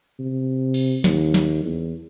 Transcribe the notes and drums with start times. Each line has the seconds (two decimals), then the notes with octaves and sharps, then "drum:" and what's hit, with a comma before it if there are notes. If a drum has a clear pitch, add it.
0.19 C3
0.74 drum: cymbal
1.04 D#2, drum: snare
1.34 drum: snare
1.65 E2